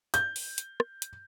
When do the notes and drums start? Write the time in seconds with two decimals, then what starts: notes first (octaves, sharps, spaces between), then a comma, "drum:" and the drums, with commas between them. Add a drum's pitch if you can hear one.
0.14 G6, drum: hi-hat
0.36 drum: open hi-hat
0.58 drum: hi-hat
0.80 drum: rim click
1.02 drum: hi-hat